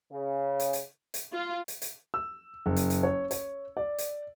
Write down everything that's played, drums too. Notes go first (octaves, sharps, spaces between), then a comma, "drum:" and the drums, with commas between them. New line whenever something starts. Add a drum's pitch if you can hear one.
C#3
drum: hi-hat
drum: hi-hat
drum: hi-hat
F4
drum: hi-hat
drum: hi-hat
E6
F#1
drum: hi-hat
drum: hi-hat
C#5
C#5, drum: hi-hat
D5
drum: hi-hat